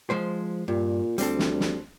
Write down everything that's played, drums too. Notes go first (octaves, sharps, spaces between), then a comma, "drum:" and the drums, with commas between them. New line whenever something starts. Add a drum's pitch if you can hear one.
F3 G#3 C5
G2 A#2
D2 G3 C4 A4, drum: hi-hat
drum: snare
drum: snare